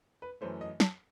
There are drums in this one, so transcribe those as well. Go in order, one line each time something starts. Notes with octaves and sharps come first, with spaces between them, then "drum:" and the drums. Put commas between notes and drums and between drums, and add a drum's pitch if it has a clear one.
B4
F#2 E3 A3 C5
D#5
A5, drum: snare